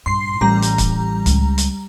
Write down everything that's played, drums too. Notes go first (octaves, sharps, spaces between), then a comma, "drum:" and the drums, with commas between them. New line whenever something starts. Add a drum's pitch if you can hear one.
A#1 G2 C6 C7
A1 E3 G3 A#5
drum: hi-hat
drum: kick, hi-hat
C#2, drum: hi-hat
drum: hi-hat